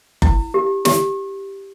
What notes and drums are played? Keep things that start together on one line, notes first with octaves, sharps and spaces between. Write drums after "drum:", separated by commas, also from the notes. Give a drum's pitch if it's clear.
E4, drum: kick F#1
G4
G4, drum: snare